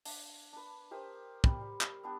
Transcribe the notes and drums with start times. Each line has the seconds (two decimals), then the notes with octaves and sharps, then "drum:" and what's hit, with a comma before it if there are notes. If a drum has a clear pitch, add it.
0.05 D4, drum: open hi-hat
0.53 D4 B4
0.91 G4 A#4 C5 D#6
1.44 G3, drum: kick
1.61 G3
1.81 drum: clap
2.03 B3 D4 G4